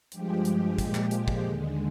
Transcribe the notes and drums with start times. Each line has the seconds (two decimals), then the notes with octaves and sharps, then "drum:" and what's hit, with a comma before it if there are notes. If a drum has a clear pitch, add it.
0.12 G2 F3 G#3 G4, drum: hi-hat
0.45 drum: hi-hat
0.78 A#2 F3 G#3, drum: kick, hi-hat
0.95 drum: clap
1.11 drum: hi-hat
1.28 drum: kick
1.44 D#2 D3 G#3